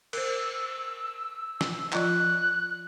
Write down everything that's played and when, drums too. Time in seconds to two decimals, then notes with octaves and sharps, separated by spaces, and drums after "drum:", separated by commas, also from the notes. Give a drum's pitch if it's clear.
0.13 A#4 C5 E6, drum: cymbal
1.61 drum: snare
1.93 F3 F4 D#5 F#6, drum: clap